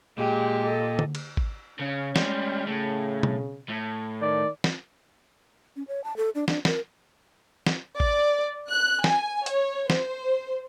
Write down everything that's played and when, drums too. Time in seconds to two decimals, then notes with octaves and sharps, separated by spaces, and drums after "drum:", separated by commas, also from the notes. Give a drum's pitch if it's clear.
0.18 A#2 G#3 G4 G5
0.62 A4 D#5
0.99 drum: tom D3
1.15 drum: cymbal
1.37 drum: kick G#1
1.79 C#3 C#4
2.16 G3 G#3, drum: snare
2.67 A2 C#3
3.23 drum: tom B2
3.69 A2
4.21 D#3 D5
4.64 drum: snare
5.76 C#4
5.88 C#5
6.04 A5
6.17 A4
6.35 D4
6.48 D4, drum: snare
6.65 A#4, drum: snare
7.67 drum: snare
8.00 D5, drum: kick G#1
8.68 F#6
9.04 G#5, drum: snare
9.46 C#5, drum: hi-hat
9.90 C5, drum: snare